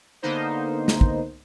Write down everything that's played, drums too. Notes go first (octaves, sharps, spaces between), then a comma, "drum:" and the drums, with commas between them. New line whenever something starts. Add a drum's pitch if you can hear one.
D3 A#3 B3 D#4 C5
drum: snare
drum: kick